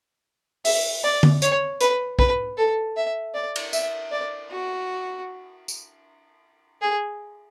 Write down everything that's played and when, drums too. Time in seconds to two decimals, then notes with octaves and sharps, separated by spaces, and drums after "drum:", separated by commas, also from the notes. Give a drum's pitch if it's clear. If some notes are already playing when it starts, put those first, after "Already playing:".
0.65 E5, drum: open hi-hat
1.04 D5
1.23 drum: tom D3
1.42 C#5, drum: hi-hat
1.81 B4, drum: hi-hat
2.19 B4, drum: kick B1
2.57 A4
2.97 E5
3.34 D5
3.56 drum: cymbal
3.73 E5, drum: tambourine
4.12 D5
4.51 F#4
5.68 drum: tambourine
6.82 G#4